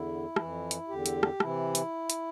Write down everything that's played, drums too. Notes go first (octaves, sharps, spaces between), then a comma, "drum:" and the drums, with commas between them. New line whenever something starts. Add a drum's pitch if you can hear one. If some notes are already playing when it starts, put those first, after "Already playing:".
Already playing: E2 D3 E4
F2 E3, drum: rim click
drum: hi-hat
E2 D3 G4
drum: hi-hat
drum: rim click
C3 E3 E4, drum: rim click
drum: hi-hat
drum: hi-hat